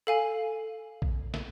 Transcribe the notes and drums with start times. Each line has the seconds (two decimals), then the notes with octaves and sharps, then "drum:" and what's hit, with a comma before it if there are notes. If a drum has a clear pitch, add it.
0.07 A4 F5 G#5
1.02 drum: kick A1
1.34 drum: snare